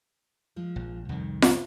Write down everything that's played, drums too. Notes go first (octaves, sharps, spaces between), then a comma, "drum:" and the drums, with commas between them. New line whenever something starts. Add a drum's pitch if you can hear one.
F3 G#3
A#1
C2 F2 D#3
drum: snare F4